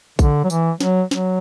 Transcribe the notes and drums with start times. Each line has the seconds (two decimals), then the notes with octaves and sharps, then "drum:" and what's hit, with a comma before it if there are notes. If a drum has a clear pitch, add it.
0.19 D3, drum: kick A#1, tambourine
0.44 F#3
0.50 E3, drum: tambourine
0.80 F#3, drum: snare
1.11 F#3, drum: snare